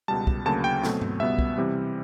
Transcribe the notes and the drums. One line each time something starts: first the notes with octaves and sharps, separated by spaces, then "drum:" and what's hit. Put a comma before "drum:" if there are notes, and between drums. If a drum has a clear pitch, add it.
C#2 B2 G3 A5
drum: kick
D2 C#3 F#3 A#3 A5
G5
B2 F#3 A3 C4, drum: snare
drum: tom G2
C#2 B2 G3 B3 E5
drum: kick
C3 E3 G3 C4